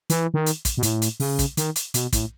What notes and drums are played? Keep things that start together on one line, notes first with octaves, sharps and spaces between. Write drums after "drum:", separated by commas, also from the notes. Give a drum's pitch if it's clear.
E3, drum: hi-hat
D#3
drum: hi-hat
drum: kick, hi-hat
B2
A2, drum: hi-hat
drum: hi-hat
C#3, drum: open hi-hat
drum: kick, hi-hat
D#3, drum: hi-hat
drum: hi-hat
B2, drum: hi-hat
A2, drum: kick, hi-hat